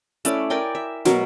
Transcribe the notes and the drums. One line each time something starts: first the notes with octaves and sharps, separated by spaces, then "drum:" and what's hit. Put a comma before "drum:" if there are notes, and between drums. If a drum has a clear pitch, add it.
A3 C#4 E4 D5, drum: hi-hat
A#4 D5 G5 G#5
E5
B2 F#3 A#4 C#6, drum: snare